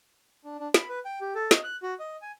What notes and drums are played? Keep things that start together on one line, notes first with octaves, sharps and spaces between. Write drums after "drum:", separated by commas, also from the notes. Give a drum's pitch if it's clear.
D4
D4
B5, drum: snare
B4
G5
G4
A4
D#5, drum: snare
F#6
F#4
D#5
G#5